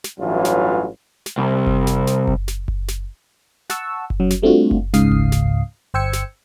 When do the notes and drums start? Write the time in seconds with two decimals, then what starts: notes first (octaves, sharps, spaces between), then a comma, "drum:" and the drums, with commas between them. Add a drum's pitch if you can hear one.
0.04 drum: snare
0.20 A1 G2 E3 F#3 F4
0.45 drum: snare
1.26 drum: snare
1.38 C2
1.67 drum: kick F#1
1.87 drum: snare
2.07 drum: snare
2.27 drum: kick F#1
2.48 drum: snare
2.68 drum: kick F#1
2.88 drum: snare
3.70 F#5 A5 C#6 E6, drum: snare
4.10 drum: kick F#1
4.20 F#2 F#3
4.30 drum: snare
4.42 G3 A3 C4 D4 F4 F#4
4.71 drum: kick F#1
4.94 C#2 G#2 C#3 F5 D#6 C7, drum: snare
5.12 drum: kick F#1
5.32 drum: snare
5.94 G1 C5 G5 E6 G#6 C#7
6.13 drum: snare